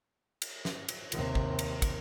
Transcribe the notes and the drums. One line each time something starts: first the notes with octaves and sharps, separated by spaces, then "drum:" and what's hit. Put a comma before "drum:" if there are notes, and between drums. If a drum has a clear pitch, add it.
drum: cymbal
drum: snare
drum: cymbal
D#2 C3, drum: cymbal
drum: kick
drum: cymbal
drum: kick, cymbal